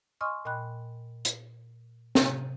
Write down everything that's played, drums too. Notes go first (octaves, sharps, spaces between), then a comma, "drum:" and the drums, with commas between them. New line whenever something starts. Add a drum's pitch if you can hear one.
D#5 G#5 C6 C#6 D#6 F6
A#2 D#5 G5 B5 F#6
drum: hi-hat
C3, drum: snare